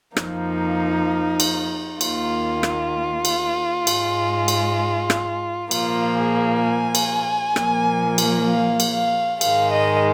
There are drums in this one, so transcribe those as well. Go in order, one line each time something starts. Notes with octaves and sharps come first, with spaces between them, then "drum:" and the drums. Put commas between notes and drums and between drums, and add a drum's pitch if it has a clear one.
F2 F3 A#3 D#4, drum: rim click
drum: cymbal
D#2 D#3 A#3 F4, drum: cymbal
drum: rim click
drum: cymbal
G#2 G#3, drum: cymbal
drum: cymbal
drum: rim click
A#2 F3 A#3 F4, drum: cymbal
G#4
G#5
drum: cymbal
A#2 F3 A#3, drum: rim click
drum: cymbal
F5
drum: cymbal
F5
G#2 D#3 G#3 F5, drum: cymbal
D#5